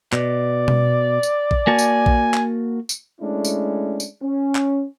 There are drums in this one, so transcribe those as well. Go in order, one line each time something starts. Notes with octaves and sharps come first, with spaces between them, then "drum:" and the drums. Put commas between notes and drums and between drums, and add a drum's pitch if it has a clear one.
B2 D5, drum: clap
drum: tom B2
drum: tambourine
drum: kick A#1
A#3 F#4 G#5 A5
drum: tambourine
drum: kick A#1
drum: clap
drum: tambourine
G#3 A3 C#4 D4 E4
drum: tambourine
drum: tambourine
C#4
drum: clap